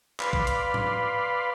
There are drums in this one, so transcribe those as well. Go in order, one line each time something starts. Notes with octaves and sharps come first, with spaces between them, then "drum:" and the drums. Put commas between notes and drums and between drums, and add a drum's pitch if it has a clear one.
B4 D5 F5 B5 C6, drum: clap
drum: kick A#1
drum: hi-hat
drum: tom G#2